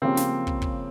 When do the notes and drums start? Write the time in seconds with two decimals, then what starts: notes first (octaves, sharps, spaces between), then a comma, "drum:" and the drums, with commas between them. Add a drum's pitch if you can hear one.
0.02 C#3 F3 A#3 C4 C#4 G4
0.17 drum: snare
0.47 drum: kick
0.62 drum: kick